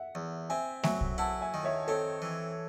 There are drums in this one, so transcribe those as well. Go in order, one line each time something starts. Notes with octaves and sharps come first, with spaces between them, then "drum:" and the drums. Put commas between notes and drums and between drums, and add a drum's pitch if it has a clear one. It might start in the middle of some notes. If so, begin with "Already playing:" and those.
Already playing: E5 F#5
E2
C4 E5 G#5
F#3 E5 G#5, drum: snare A3
drum: kick
E4 F#5 A5
E5 G#5
D#3
C#5 E5
C4 A4 C#5
E3